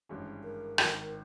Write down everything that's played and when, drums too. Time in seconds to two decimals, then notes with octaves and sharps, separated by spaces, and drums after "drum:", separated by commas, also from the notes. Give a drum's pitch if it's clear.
0.09 G#1 G2 E3 G#3 C#4
0.43 A#4
0.78 G#1 G#2 D#3, drum: rim click